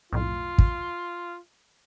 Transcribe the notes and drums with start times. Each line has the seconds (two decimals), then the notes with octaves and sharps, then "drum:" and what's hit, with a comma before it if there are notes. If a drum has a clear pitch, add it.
0.13 B1 F2 A2 F4
0.58 drum: kick